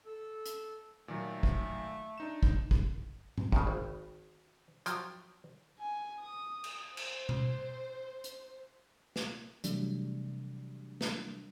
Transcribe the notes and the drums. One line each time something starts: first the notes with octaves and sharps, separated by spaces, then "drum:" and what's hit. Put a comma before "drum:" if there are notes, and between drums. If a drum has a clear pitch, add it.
A4
drum: hi-hat
A#2 D#3 F#3 A3
drum: kick
D4 D#4 E7
drum: kick
drum: kick
drum: tom G#2
G2 C#3, drum: kick
G#1
F3 F#3 G5, drum: hi-hat
G#5
D#6
drum: cymbal
C5, drum: cymbal
drum: tom B2
drum: hi-hat
drum: snare
C3 E3 F#3 G3 A3 D4, drum: hi-hat
drum: snare